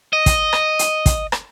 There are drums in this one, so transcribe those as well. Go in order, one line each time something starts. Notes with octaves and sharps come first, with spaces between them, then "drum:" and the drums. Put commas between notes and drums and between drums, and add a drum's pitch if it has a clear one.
D#5
drum: kick, hi-hat
drum: rim click
drum: hi-hat
drum: kick, hi-hat
drum: rim click